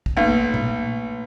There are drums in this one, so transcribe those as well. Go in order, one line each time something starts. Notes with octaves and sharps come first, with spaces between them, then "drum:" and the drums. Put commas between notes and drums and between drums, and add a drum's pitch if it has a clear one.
drum: kick
B1 A3 A#3
drum: tom A#2